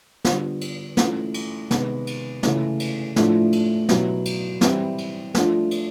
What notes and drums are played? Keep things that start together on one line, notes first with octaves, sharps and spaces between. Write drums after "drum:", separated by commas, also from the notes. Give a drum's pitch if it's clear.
D3 G3 B3 D4 F4, drum: snare
drum: cymbal
E3 A3 C#4 F4, drum: snare
drum: cymbal
C3 D#3 G#3 B3, drum: snare
drum: cymbal
C#3 E3 A3 C#4 E4, drum: snare
drum: cymbal
A2 F3 A3 D4 F4, drum: snare
drum: cymbal
B2 F#3 B3 E4, drum: snare
drum: cymbal
E3 G3 C4 E4, drum: snare
drum: cymbal
F3 A3 D4 F4, drum: snare
drum: cymbal